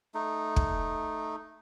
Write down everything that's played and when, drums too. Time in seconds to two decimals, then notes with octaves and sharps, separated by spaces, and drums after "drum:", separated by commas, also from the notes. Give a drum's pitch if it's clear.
0.14 A3 D#4
0.56 drum: kick